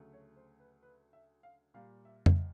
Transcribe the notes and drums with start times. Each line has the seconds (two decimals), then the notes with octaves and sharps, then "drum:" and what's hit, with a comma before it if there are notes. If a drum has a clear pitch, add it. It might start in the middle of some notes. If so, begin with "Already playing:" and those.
Already playing: D2 C#3 F#3 A3
0.13 C#5
0.37 C5
0.60 B4
0.83 B4
1.13 E5
1.43 F5
1.74 A#2 G3 F5
2.05 E5
2.26 E5, drum: tom F2
2.36 D#5